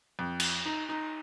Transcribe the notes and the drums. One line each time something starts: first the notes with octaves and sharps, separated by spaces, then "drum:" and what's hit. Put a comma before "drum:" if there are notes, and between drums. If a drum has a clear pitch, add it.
F2
drum: cymbal
D#4
D#4